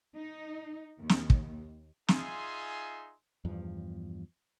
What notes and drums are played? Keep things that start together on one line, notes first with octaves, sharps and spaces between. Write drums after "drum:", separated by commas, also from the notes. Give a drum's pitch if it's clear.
D#4
D#2
drum: snare
drum: kick
D#4 F4 G#4 E5 G#5 C6, drum: snare
E2 G2 F3